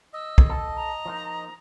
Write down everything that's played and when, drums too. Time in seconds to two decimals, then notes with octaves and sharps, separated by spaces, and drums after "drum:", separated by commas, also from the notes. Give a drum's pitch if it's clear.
0.13 D#5 E6
0.38 drum: kick
0.49 A4
0.76 A#5
1.06 F3 A#3 D#4